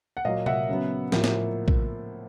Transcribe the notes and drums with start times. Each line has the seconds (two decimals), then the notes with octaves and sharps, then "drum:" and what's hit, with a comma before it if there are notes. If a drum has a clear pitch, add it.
0.17 F#5
0.25 A#2 F#3 A#3 D#5 F5
0.46 E5 F#5, drum: tom C3
0.69 C#3 F#3 B3
1.12 A2 F3 A#3, drum: snare
1.24 drum: snare
1.68 drum: kick A#1